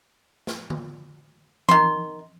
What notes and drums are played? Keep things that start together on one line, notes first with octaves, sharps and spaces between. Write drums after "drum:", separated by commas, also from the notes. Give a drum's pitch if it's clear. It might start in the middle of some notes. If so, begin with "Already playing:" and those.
drum: snare
drum: tom D3
D#3 C6, drum: tom E3